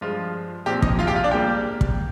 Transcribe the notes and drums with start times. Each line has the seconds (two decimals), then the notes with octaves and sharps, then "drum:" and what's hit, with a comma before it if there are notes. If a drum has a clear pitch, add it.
0.01 G2 F3 G#3 F4
0.66 A#1 A#2 F3 C4 G4
0.82 D#4 D#5, drum: kick
0.99 F4 F5
1.07 G4 G5
1.15 F4 F5
1.24 D4 D5
1.31 G#2 G3 A#3 G4 G5
1.81 drum: kick